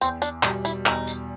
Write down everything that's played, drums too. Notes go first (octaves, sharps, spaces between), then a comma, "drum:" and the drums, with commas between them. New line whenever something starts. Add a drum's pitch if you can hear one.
E2 C4, drum: tambourine
D4, drum: tambourine
B2 G3 D#4, drum: clap
E4, drum: tambourine
E2 D#4, drum: clap
drum: tambourine